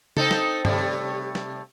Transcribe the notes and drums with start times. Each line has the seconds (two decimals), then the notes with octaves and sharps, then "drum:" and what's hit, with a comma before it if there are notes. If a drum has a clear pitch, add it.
0.17 C4 D#4 A4, drum: tom C#3
0.31 drum: snare
0.65 C3 G3 A3, drum: tom G2
1.35 drum: snare